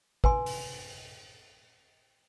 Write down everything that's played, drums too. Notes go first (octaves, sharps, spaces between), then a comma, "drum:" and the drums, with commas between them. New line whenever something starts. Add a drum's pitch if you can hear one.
B4 G#5 C6, drum: kick
drum: open hi-hat